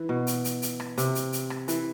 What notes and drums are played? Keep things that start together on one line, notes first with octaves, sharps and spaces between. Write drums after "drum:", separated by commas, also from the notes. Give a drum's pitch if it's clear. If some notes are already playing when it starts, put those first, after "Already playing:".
Already playing: E3
B2
drum: hi-hat
drum: hi-hat
drum: hi-hat
drum: rim click
C3, drum: hi-hat
drum: hi-hat
drum: hi-hat
drum: rim click
E3, drum: hi-hat